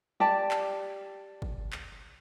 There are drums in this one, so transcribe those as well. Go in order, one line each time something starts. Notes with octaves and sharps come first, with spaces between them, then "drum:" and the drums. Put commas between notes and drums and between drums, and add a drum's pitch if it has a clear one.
G4 D5 A5
drum: clap
drum: kick
drum: clap